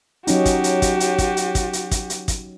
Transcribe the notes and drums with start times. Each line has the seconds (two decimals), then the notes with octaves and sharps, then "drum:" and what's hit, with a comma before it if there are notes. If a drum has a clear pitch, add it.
0.27 F#3 C#4 D#4 F#4 G4, drum: hi-hat
0.46 drum: kick, hi-hat
0.64 drum: hi-hat
0.82 drum: kick, hi-hat
1.00 drum: hi-hat
1.19 drum: kick, hi-hat
1.37 drum: hi-hat
1.55 drum: kick, hi-hat
1.73 drum: hi-hat
1.91 drum: kick, hi-hat
2.10 drum: hi-hat
2.28 drum: kick, hi-hat